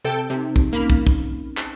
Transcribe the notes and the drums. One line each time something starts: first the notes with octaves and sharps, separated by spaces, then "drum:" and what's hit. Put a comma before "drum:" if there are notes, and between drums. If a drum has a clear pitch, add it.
C3 A4 G5
C3 C4 D#4
drum: kick
A#3 C#4 D#4 B5 F6
drum: kick
drum: kick
drum: clap